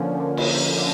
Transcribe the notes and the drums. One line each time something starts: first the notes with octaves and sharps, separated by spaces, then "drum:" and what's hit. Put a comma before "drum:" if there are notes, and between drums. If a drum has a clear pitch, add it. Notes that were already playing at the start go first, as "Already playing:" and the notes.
Already playing: D3 F3 A#3 C#4
D3
drum: cymbal
A#3
D3